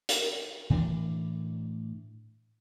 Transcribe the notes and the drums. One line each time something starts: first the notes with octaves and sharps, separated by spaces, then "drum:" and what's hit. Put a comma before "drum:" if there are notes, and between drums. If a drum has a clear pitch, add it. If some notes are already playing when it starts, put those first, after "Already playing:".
drum: hi-hat
A2 E3 D4